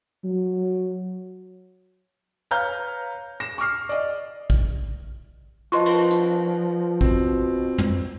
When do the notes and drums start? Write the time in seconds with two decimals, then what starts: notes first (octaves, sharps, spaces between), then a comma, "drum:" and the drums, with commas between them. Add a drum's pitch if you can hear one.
0.24 F#3
2.51 B4 C#5 F5 A#5 F6 G6
3.40 A#6 E7
3.58 C#6 D6 F6 C7
3.89 D5 D#5
4.50 drum: kick
5.72 F3 F4 B4 D#5 A5 C6 C#6
5.86 drum: cymbal
6.11 drum: hi-hat
7.01 B2 C4, drum: kick
7.78 drum: tom